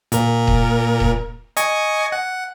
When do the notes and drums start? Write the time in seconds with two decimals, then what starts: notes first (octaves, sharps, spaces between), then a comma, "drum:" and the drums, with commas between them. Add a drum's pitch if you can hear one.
0.12 A#2 A#4, drum: hi-hat
0.47 drum: kick D#1
1.00 drum: kick D#1
1.57 D#5 G#5 C#6, drum: hi-hat
2.12 F#5